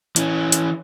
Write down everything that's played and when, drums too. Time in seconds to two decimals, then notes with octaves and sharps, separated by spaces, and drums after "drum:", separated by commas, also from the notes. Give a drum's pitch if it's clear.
0.16 E3 C#4, drum: hi-hat
0.52 drum: hi-hat